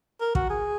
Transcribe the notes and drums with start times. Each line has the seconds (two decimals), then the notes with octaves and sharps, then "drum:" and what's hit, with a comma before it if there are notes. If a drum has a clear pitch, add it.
0.21 A#4
0.35 F#4, drum: kick
0.50 G#4